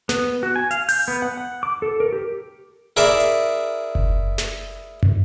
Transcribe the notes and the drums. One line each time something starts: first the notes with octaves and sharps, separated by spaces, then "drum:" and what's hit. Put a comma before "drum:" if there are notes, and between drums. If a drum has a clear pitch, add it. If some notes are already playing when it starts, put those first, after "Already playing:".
B3, drum: snare
F#4
G#5
F5, drum: hi-hat
G6, drum: open hi-hat
B3
F#5
F#5
D6
A4
A#4
G4
E4 G#4 A#4 D5 E5
drum: hi-hat
drum: kick F#1
drum: snare
drum: tom